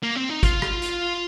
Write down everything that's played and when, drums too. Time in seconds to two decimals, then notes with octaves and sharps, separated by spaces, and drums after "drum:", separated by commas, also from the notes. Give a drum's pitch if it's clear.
0.03 A#3
0.16 C4
0.30 D#4
0.43 F4, drum: kick G1, hi-hat
0.62 drum: rim click
0.82 drum: hi-hat